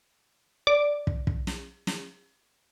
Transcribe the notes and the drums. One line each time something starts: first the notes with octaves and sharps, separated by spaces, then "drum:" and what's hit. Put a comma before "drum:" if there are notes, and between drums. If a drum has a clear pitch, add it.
D5 D6
drum: kick
drum: kick
drum: snare
drum: snare